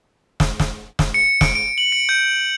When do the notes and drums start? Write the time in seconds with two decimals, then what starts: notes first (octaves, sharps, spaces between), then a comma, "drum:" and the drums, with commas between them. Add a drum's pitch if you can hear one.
0.40 drum: snare
0.60 drum: snare
0.99 drum: snare
1.14 C#7
1.41 D7, drum: snare
1.55 D7
1.78 F#7
1.92 C#7
2.09 G6